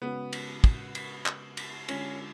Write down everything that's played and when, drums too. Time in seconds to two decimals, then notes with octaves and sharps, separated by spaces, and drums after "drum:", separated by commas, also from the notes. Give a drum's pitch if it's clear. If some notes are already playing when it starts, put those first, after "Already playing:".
0.02 C#3 G#3 B3 C#4 F#4
0.33 drum: cymbal
0.64 drum: kick, cymbal
0.95 drum: cymbal
1.26 drum: clap
1.57 drum: cymbal
1.88 D3 G#3 C#4 D4 F4, drum: cymbal